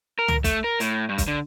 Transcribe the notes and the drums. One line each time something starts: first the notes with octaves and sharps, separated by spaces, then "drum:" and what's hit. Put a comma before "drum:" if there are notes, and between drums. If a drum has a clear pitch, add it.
A#4
drum: tom
A3, drum: kick, hi-hat
A#4
A2, drum: hi-hat
G2
drum: kick, hi-hat
D3